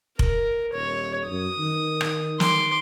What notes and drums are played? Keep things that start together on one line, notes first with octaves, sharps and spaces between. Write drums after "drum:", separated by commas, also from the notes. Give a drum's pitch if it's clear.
A#4, drum: kick F1
D#1 C#5
F#2 D#6
D#3
drum: rim click
C6 D6, drum: snare